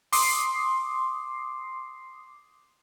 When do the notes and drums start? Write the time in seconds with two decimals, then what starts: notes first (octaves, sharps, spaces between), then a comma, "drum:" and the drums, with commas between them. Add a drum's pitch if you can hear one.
0.13 C6 D6 D#6 C7, drum: open hi-hat